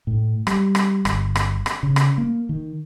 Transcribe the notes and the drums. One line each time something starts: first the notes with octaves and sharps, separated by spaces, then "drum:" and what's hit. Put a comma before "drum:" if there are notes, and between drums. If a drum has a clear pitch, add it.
A2
G3, drum: rim click
drum: rim click
G1, drum: rim click
drum: rim click
drum: rim click
C#3
drum: rim click
A#3
D#3